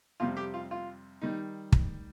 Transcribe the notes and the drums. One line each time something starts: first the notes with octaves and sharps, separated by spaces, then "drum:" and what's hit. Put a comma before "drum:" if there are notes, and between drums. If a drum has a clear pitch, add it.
F2 C3 G3 F4
G4
F4
F4
D#3 G3 D#4
drum: kick